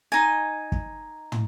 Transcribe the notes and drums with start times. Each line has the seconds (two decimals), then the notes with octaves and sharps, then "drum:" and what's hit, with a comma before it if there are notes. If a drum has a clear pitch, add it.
0.12 D#4 G#5
0.72 drum: kick
1.32 drum: tom